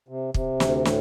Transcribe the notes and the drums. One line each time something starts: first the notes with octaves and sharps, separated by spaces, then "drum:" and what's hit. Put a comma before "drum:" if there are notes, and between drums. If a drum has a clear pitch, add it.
C3
C3, drum: kick
D2, drum: snare
A2, drum: snare